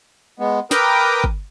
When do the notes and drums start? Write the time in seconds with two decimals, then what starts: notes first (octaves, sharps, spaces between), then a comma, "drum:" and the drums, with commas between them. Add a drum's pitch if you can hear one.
0.39 G#3 B3
0.71 A#4 B4 G5 A#5 D6 D#6, drum: snare
1.24 drum: kick